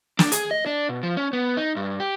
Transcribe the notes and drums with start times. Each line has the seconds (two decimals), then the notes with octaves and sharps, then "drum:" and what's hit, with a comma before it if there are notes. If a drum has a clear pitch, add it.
0.19 D4, drum: snare
0.32 G#4, drum: hi-hat
0.51 D#5
0.66 D4
0.89 B2
1.03 F3
1.17 C#4
1.33 B3
1.57 D#4
1.76 G2
2.00 G4